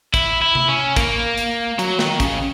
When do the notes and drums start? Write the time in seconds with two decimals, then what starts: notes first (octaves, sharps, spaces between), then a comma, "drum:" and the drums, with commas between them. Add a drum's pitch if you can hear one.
0.14 E4, drum: kick, hi-hat
0.42 E4
0.55 drum: tom C3
0.69 C#4
0.96 A#3, drum: kick, hi-hat
1.38 drum: hi-hat
1.79 F#3, drum: hi-hat
1.99 D#3, drum: snare
2.20 C#3, drum: kick, hi-hat